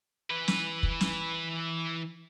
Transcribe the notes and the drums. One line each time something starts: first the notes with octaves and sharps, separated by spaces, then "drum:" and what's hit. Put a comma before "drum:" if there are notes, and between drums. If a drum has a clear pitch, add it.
E3 B4
drum: snare
drum: kick
drum: snare